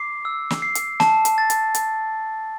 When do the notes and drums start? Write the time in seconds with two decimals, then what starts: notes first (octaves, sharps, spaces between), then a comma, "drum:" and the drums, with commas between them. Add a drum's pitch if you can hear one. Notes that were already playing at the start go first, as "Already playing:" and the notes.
Already playing: D6 C7
0.25 E6
0.50 drum: snare
0.62 C7
0.75 drum: hi-hat
1.00 A5, drum: snare
1.25 drum: hi-hat
1.38 A6
1.50 drum: hi-hat
1.75 drum: hi-hat